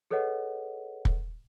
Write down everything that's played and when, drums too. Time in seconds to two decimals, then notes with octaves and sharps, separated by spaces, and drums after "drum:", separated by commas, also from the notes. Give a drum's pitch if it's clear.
0.11 G#4 A4 B4 C#5 D#5 F#5
1.05 drum: kick